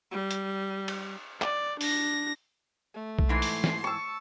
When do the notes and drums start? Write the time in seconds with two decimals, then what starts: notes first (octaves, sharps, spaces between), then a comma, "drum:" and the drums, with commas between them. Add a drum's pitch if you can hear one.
0.11 G3
0.31 drum: hi-hat
0.88 drum: cymbal
1.42 D5, drum: clap
1.81 D4 A#6, drum: open hi-hat
2.94 A3
3.19 drum: kick B1
3.29 G#2 E3 C6
3.42 drum: open hi-hat
3.64 drum: snare
3.84 A5 C#6 E6